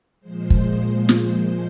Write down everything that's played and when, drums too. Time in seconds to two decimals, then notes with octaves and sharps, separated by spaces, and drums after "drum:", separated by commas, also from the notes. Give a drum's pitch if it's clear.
0.21 A#2 F3 G#3 C5
0.50 drum: kick
1.09 drum: snare